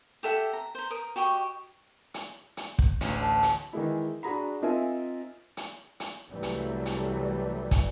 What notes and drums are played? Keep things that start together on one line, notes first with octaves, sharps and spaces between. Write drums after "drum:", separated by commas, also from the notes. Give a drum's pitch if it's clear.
G4 A4 E5 F#5
A#5
C5 A#5
A#4 D#6
F#4 G4 D#5 C#6
drum: hi-hat
drum: hi-hat
drum: kick
A1 D2, drum: hi-hat
A5
drum: hi-hat
D#3 E3 G#3 E4
D4 F#4 G#4 A#5 B5
C4 D#4 F4 A#4 E5 G#5
drum: hi-hat
drum: hi-hat
C2 E3 F#3 G3 A3
drum: hi-hat
drum: hi-hat
drum: kick, hi-hat